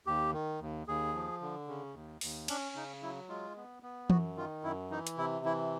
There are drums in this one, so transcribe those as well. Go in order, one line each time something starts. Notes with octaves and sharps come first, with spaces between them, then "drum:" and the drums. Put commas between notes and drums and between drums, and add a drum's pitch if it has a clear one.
D#2 G4
D#3
D#2
D#2 G#4
F3
D3
C#3
D#2
D#2, drum: open hi-hat
C#4 D4, drum: cymbal
C#3 D#4
F#3 E4
G#3 F4
B3
B3
F#2 F#4, drum: tom E3
D#3 F4
F#2 E4
E3 D#4
drum: hi-hat
C3 E4
E3 E4